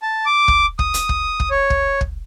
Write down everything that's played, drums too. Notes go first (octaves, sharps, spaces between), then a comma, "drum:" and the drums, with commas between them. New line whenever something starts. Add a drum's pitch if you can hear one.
A5
D6
drum: kick
D#6, drum: kick
drum: hi-hat
drum: kick
drum: kick
C#5
drum: kick
drum: kick